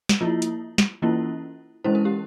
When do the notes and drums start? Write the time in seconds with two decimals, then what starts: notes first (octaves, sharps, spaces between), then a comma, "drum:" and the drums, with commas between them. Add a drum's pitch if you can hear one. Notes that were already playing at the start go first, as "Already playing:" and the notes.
0.09 drum: snare
0.21 F3 A#3 E4 F4
0.42 drum: hi-hat
0.78 drum: snare
1.02 E3 A#3 C#4 E4 F4
1.84 E3 G#3 C#4 E4 C5
1.95 A#4
2.05 G4